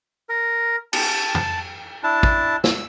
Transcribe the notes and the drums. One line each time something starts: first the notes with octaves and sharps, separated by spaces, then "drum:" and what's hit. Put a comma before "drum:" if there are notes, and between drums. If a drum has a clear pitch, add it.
A#4
A5, drum: cymbal
drum: tom
D4 E4 A5
drum: kick
E6, drum: snare